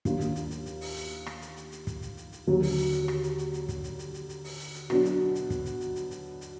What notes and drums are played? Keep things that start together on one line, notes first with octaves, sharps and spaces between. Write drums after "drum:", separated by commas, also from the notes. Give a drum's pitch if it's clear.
D#2 D#3 A#3 D4 F4, drum: kick, hi-hat
drum: hi-hat
drum: hi-hat
drum: hi-hat
drum: hi-hat
drum: open hi-hat
drum: hi-hat
drum: rim click
drum: hi-hat
drum: hi-hat
drum: hi-hat
drum: kick, hi-hat
drum: hi-hat
drum: hi-hat
drum: hi-hat
D#2 D3 F#3
drum: open hi-hat
drum: hi-hat
drum: hi-hat
drum: rim click
drum: hi-hat
drum: hi-hat
drum: hi-hat
drum: kick, hi-hat
drum: hi-hat
drum: hi-hat
drum: hi-hat
drum: hi-hat
drum: open hi-hat
drum: hi-hat
drum: hi-hat
B2 F#3 D4, drum: rim click
drum: hi-hat
drum: hi-hat
drum: kick, hi-hat
drum: hi-hat
drum: hi-hat
drum: hi-hat
drum: hi-hat
drum: hi-hat